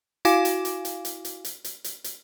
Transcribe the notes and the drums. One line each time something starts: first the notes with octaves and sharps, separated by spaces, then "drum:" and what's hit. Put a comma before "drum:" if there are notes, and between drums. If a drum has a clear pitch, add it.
E4 F#4 F5 G#5 D6, drum: hi-hat
drum: hi-hat
drum: hi-hat
drum: hi-hat
drum: hi-hat
drum: hi-hat
drum: hi-hat
drum: hi-hat
drum: hi-hat
drum: hi-hat